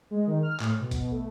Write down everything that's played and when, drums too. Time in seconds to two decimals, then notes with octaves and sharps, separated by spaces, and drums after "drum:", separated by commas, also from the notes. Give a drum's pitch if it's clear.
0.11 G#3
0.27 D#3
0.43 F6
0.60 A2, drum: clap
0.80 B2
0.91 drum: kick, hi-hat
1.11 A3